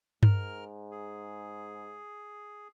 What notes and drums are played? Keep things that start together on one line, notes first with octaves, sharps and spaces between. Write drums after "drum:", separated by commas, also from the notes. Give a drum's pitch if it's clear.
G#2 A#4 F6, drum: tom G2
G#4